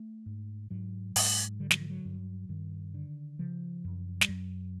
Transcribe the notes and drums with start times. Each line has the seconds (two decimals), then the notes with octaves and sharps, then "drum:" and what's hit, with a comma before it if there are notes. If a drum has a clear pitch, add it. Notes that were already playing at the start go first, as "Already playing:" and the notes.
Already playing: A3
0.26 G#2
0.70 G#2 F#3
1.16 G#2, drum: open hi-hat
1.60 D3 G3
1.71 F#3, drum: snare
1.80 F3
1.90 F#3
2.05 G2
2.49 G2 D#3
2.94 D3
3.39 C#3 F3
3.84 F#2
4.21 G3, drum: snare
4.28 F#2 F#3